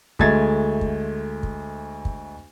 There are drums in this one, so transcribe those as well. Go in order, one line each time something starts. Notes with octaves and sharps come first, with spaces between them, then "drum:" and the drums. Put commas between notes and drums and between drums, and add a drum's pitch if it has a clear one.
D2 G#3 A3 G#6 A6, drum: kick
drum: kick
drum: kick
drum: kick